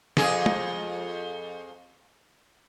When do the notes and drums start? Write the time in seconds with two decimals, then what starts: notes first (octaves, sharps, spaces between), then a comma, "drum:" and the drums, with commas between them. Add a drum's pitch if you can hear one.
0.17 F2 G#4, drum: snare
0.46 drum: tom